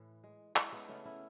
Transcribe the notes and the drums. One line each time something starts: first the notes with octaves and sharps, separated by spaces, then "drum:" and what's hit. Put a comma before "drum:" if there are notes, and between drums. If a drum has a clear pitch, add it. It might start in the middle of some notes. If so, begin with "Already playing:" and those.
Already playing: A2 E3
G#3
G#3 C#4 E4, drum: clap
G#3 B3
C#3 A3 C#4
C#4 E4